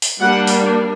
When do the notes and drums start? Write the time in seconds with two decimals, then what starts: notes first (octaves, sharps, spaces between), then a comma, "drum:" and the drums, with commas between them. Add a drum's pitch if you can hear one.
0.02 drum: open hi-hat
0.21 G3 A#3 D4 F#5
0.47 drum: open hi-hat